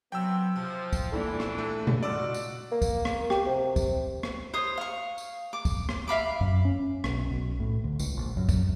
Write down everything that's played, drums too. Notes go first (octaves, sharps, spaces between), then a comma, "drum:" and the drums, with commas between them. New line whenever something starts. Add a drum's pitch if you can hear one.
C3 F#3 B3 G5 E6
C3 F3
drum: kick, tambourine
A#1 E3 D4 E4 A4
drum: rim click
A3
drum: tom A#2
D#4 F4 F#4 D5 D6 E6
drum: tambourine
A#3
drum: kick, tambourine
drum: rim click
G4, drum: rim click
C3
drum: kick, tambourine
drum: rim click
C5 C#5 D#6
F5 C#6
drum: tambourine
D6
drum: kick, tambourine
drum: rim click
E5 F5 B5 D6
F#2
C#4
B1, drum: rim click
B1
A2
D2
C#2, drum: tambourine
A#1
F#2
drum: kick, tambourine